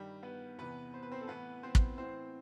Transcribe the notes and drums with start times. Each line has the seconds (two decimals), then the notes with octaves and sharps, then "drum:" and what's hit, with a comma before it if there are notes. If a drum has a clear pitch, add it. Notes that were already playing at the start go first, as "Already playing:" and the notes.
Already playing: G2 D#3 G3 G4
0.23 B3 B4
0.58 E2 C3 E3 B3 B4
0.94 C5
1.03 B4
1.12 C4 C5
1.21 A4
1.28 A2 E3 B3 B4
1.63 C4 C5
1.75 drum: kick
1.98 A2 E3 C4 C5